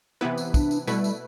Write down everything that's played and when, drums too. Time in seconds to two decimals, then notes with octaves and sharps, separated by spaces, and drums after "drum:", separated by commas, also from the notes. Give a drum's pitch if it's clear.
0.21 C3 E3 B3 E4 B4
0.38 drum: tambourine
0.54 D4, drum: kick, tambourine
0.71 drum: tambourine
0.87 B2 G3 A3 E4 B4, drum: tambourine
1.04 drum: tambourine